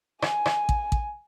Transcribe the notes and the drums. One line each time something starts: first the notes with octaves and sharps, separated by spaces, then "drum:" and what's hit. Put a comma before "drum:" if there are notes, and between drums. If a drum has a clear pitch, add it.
G#5, drum: rim click
drum: rim click
drum: kick A1
drum: kick A1